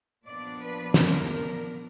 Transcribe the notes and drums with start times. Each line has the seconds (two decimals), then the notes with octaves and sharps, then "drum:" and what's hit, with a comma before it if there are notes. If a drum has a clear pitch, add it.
0.24 A#2 F3 B3 D4 D5
0.59 B4
0.94 A#4, drum: snare
1.29 A#4